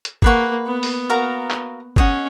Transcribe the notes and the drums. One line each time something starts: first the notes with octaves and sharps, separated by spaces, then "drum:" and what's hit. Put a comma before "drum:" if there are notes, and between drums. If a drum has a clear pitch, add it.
drum: hi-hat
A#3 G#4 B4 F#5 C#6, drum: kick
B3
drum: open hi-hat
F#4 A#4 F5 A#5
drum: clap
C#4 G#4 D#5 F#5, drum: kick